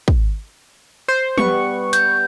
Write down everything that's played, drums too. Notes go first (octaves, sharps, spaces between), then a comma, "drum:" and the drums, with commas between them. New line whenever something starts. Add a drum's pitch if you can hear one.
drum: kick
C5
G3 B3 B4 C#6, drum: tom
G6, drum: hi-hat